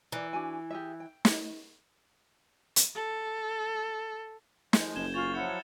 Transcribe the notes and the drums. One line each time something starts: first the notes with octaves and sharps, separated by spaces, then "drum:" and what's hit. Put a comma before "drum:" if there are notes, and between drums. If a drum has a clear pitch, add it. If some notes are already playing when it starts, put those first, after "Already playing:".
E3 A#4 D5
D4 F#4 G#5
G4 G#4 E5
G5
E4 G4 E5, drum: snare
drum: hi-hat
A4
F3 G#3 G6, drum: snare
F#1 G#6 E7 G7
E2 F4 G#5 C#6 A6 F7 G7
F3 F#3 E4 F#5 F6 G6 C#7